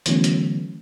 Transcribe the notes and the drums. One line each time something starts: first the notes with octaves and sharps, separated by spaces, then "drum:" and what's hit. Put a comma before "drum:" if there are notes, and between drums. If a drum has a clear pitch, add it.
D3 E3 F#3 A3 B3 C#4, drum: hi-hat
drum: hi-hat